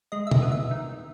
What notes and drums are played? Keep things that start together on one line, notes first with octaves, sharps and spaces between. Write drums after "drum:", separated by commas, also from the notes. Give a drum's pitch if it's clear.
G#3 D#5
E5
D#5, drum: tom
B3
E5
D#3